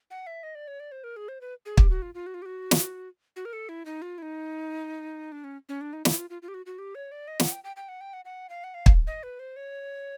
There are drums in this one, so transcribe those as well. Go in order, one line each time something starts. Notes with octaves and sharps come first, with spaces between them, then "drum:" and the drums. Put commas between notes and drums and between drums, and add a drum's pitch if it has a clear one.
F#5
E5
D#5
D5
C#5
D5
C5
A#4
G#4
C5
B4
G#4
G4, drum: kick
F#4
F4
F4
F#4
F4
G4
F#4
drum: snare
F#4
A#4
A4
E4
D#4
F4
E4
D#4
D4
C#4
C#4
D4
D#4
E4, drum: snare
F4
F4
F4
G4
F#4
F#4
G4
C#5
D5
D#5
F#5, drum: snare
G5
G5
G5
F#5
G5
F#5
F#5
F5
F#5
F5
drum: kick
D#5
B4
C5
C#5